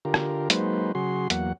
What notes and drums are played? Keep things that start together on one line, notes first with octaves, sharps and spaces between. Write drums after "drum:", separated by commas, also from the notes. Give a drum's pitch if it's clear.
D3 F4 G4 A#4
drum: rim click
F#3 G#3 A#3 D#4 B4 C5, drum: hi-hat
C#3 F#3 F#4 G#4 C6
E2 F#3 A#3 F#5, drum: hi-hat